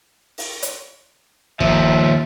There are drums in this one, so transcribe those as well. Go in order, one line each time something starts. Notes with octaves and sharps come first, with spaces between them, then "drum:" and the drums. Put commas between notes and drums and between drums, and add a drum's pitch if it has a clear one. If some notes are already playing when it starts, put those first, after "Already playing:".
drum: open hi-hat
drum: hi-hat
D#2 F3 E5, drum: kick